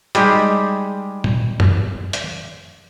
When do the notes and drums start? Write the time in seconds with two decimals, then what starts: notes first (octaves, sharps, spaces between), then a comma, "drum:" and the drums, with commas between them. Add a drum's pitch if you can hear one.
0.15 G3 G#3 D#4 G4 G#4, drum: hi-hat
1.24 drum: tom A#2
1.60 drum: tom F#2
2.13 drum: hi-hat